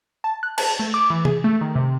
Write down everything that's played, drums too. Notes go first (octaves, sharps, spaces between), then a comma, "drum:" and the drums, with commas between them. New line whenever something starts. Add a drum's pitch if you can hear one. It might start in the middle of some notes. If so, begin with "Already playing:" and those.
A5
F#6
A5, drum: cymbal
A3
D6
E3
G#4, drum: tom
A3
D#3
C3